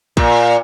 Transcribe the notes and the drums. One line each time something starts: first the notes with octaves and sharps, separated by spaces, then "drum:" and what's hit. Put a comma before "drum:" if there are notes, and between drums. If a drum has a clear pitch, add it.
A#2, drum: kick